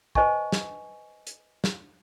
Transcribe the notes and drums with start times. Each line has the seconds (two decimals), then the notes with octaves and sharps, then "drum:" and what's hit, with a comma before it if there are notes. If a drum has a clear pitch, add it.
0.15 B4 C5 D#5 G#5 A5 C#6, drum: kick
0.52 drum: snare
1.27 drum: hi-hat
1.64 drum: snare